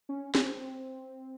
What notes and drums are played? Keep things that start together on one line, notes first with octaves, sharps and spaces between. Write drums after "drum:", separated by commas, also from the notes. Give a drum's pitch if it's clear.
C#4
C#4, drum: snare C4
C4